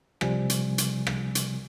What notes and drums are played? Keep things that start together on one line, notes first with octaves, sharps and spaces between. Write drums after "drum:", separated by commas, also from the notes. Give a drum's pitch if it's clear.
C3 F3 G3 G#5, drum: rim click
drum: hi-hat
drum: hi-hat
drum: rim click
drum: hi-hat